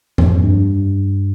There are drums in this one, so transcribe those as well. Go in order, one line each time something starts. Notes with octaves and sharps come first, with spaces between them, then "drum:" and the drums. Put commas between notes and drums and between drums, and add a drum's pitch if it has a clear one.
F2, drum: tom G#2
G2